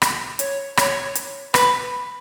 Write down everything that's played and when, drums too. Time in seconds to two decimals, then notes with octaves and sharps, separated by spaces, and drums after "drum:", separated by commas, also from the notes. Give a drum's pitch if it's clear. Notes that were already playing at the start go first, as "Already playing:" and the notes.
0.02 drum: rim click
0.39 C#5, drum: hi-hat
0.77 C#5, drum: rim click
1.15 drum: hi-hat
1.54 B4, drum: rim click